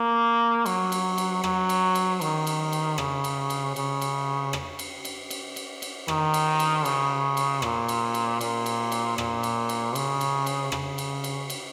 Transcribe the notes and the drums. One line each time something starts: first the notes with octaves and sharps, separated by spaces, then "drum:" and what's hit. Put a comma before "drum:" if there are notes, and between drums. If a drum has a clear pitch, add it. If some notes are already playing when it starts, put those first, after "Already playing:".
Already playing: A#3
F#3, drum: cymbal
drum: cymbal
drum: cymbal
F#3, drum: rim click
drum: cymbal
drum: cymbal
D#3, drum: cymbal
drum: cymbal
drum: cymbal
C#3, drum: rim click
drum: cymbal
drum: cymbal
C#3, drum: cymbal
drum: cymbal
drum: rim click
drum: cymbal
drum: cymbal
drum: cymbal
drum: cymbal
drum: cymbal
D#3, drum: rim click
drum: cymbal
drum: cymbal
C#3, drum: cymbal
drum: cymbal
A#2, drum: rim click
drum: cymbal
drum: cymbal
A#2, drum: cymbal
drum: cymbal
drum: cymbal
A#2, drum: rim click
drum: cymbal
drum: cymbal
C#3, drum: cymbal
drum: cymbal
drum: cymbal
C#3, drum: rim click
drum: cymbal
drum: cymbal
drum: cymbal